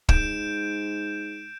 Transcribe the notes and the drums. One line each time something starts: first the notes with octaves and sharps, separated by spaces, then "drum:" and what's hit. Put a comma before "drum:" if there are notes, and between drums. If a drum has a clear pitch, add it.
G#2 G6 D7 E7, drum: kick